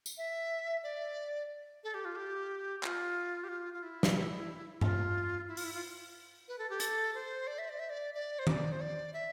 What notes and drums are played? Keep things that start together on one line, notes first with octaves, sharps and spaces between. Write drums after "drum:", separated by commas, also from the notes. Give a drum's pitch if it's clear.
drum: tambourine
E5
D5
A4
G4
F4
G4
F4, drum: clap
G4
F4
F4
E4
drum: snare
F4, drum: tom G2
E4
F4, drum: open hi-hat
E4
F4
B4
A4
G4
A4, drum: hi-hat
C5
D5
E5
D5
E5
D5
D5
C5
D5, drum: tom D#3
C5
D5
E5